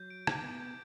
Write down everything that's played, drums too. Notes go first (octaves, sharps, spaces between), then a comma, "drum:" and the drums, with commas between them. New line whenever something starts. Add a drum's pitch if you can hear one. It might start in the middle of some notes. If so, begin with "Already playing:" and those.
Already playing: F#3 G6
D7
D6, drum: rim click
B3 G6
G6